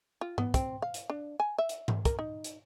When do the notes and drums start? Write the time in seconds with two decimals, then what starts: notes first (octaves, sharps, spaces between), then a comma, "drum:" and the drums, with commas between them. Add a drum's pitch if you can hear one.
0.21 F4
0.38 B3, drum: tom G#2
0.54 C4, drum: kick, hi-hat
0.82 F5
0.94 drum: hi-hat
1.10 D4
1.40 G#5
1.58 E5
1.69 drum: hi-hat
1.88 drum: tom G#2
2.05 A#4, drum: kick, hi-hat
2.19 D#4
2.44 drum: hi-hat